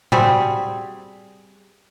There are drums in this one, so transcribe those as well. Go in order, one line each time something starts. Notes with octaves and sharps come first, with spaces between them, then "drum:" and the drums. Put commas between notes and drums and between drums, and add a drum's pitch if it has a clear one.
G3 C4 F#4 G#4, drum: tom A2